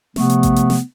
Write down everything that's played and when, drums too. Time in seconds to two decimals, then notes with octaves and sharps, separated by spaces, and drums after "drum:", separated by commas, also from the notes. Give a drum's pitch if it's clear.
0.16 C3 F3 A3 B3, drum: snare
0.30 drum: hi-hat
0.43 drum: kick A1, hi-hat
0.56 drum: hi-hat
0.70 drum: snare